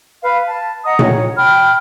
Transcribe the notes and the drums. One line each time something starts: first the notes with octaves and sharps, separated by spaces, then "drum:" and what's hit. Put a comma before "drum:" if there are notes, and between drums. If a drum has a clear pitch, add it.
B4 F5 B5
A5
D#5 F#5 A#5 D#6
C#5, drum: tom A#2
G5 B5 F6